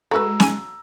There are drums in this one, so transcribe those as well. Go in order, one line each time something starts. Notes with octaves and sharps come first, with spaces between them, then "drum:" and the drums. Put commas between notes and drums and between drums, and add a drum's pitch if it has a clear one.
G#3 A3 F#4 B4 A#5 E6
G#5 D#7, drum: snare